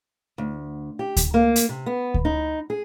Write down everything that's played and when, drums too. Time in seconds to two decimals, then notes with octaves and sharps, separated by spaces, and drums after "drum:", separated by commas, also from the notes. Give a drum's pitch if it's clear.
0.38 D2
0.99 G4
1.16 drum: kick D2, hi-hat
1.34 A#3
1.56 drum: hi-hat
1.69 C3
1.86 B3
2.14 drum: kick D2
2.25 D#4
2.70 G#4